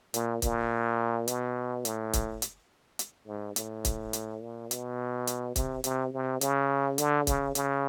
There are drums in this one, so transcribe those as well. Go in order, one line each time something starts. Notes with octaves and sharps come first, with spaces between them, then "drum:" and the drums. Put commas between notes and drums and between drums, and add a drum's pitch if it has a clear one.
A#2, drum: hi-hat
A#2, drum: kick C#1, hi-hat
B2, drum: hi-hat
A2, drum: hi-hat
drum: kick C#1, hi-hat
drum: hi-hat
drum: hi-hat
G#2
A2, drum: hi-hat
drum: kick C#1, hi-hat
drum: hi-hat
A#2
B2, drum: hi-hat
drum: hi-hat
C3, drum: kick C#1, hi-hat
C3, drum: hi-hat
C3
C#3, drum: hi-hat
D3, drum: hi-hat
C#3, drum: kick C#1, hi-hat
C#3, drum: hi-hat